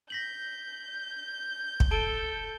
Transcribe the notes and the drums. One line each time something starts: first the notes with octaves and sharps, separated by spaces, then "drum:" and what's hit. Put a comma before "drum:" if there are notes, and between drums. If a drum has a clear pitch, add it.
G6 A#6 B6 F#7
drum: kick
A4 A5 D7 G7